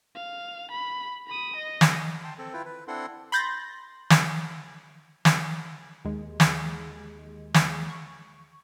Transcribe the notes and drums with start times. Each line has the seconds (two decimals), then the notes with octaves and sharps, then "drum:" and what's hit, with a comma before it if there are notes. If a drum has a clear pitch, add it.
0.15 F5
0.71 B5
1.27 B5 D#6
1.56 D#5
1.81 drum: snare
2.24 G5 A5 C6
2.38 C4 A4
2.53 E4 F4 B4 G5
2.65 B4
2.88 C4 D4 E4 A4 F#5 C6
3.32 B5 C6 G6 A6 A#6
4.10 drum: snare
5.25 drum: snare
6.05 D#2 G#3
6.40 drum: snare
7.54 drum: snare
7.90 C#6